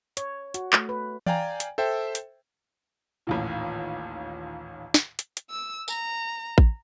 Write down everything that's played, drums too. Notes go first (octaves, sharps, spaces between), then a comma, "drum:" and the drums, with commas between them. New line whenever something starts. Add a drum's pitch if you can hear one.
C#5, drum: hi-hat
F#4, drum: hi-hat
A3, drum: clap
B4
D5 F5 G5 G#5 A#5, drum: tom E3
drum: hi-hat
A4 C5 E5 G5
drum: hi-hat
A1 D#2 A#2
drum: snare
drum: hi-hat
drum: hi-hat
E6
A#5, drum: tambourine
drum: kick A1